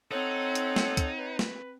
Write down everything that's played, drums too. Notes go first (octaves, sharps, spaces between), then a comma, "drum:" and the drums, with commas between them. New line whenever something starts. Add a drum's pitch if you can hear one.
C4 D#4 A4 C#5 F#5
drum: hi-hat
drum: snare
drum: kick, hi-hat
B4
drum: snare